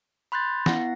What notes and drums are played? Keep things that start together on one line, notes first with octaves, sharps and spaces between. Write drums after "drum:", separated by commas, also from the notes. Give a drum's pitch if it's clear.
B5 C6 F#6 G6 A6
B3 E4 F#5 A#6, drum: snare